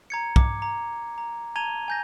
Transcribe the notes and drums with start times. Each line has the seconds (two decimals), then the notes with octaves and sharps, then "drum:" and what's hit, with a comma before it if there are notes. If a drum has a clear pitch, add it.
0.10 A#5 G#6 C#7
0.36 D6, drum: kick
0.62 A#5
1.18 A#5
1.56 A5 A#5 G#6 D#7 F7 G7
1.88 G#5 G6 A#6